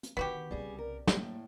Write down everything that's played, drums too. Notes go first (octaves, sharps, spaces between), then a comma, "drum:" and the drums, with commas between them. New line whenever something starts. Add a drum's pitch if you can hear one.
drum: hi-hat
D3 D#3 B3 F#4 G4
C2 C#3 G3 G#4
A#4
A2 A#3, drum: snare